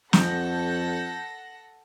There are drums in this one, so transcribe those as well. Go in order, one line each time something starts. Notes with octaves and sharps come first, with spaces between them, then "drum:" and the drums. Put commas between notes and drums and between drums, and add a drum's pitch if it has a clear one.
F2 A4 F#5 G6 A#6, drum: snare